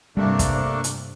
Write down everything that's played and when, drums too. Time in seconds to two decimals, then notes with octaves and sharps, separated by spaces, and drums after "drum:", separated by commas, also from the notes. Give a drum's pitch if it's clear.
0.17 G2 C3 G3 A3 A#3 D4
0.39 drum: kick, hi-hat
0.84 drum: hi-hat